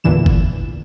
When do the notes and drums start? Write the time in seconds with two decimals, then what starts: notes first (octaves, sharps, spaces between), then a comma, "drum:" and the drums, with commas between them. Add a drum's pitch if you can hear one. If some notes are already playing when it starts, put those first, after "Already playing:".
0.04 A1 E2 A#2 D3 E3 E7
0.26 drum: kick